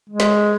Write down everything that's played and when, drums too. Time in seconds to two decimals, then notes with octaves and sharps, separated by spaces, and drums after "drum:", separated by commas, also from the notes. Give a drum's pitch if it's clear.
0.09 G#3
0.20 drum: snare